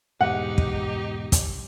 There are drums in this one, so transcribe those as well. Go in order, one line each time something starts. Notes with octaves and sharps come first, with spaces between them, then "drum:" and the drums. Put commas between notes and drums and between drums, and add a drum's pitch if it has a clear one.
E2 G#2 B2 D#4 G4 F#5
drum: kick
drum: kick, hi-hat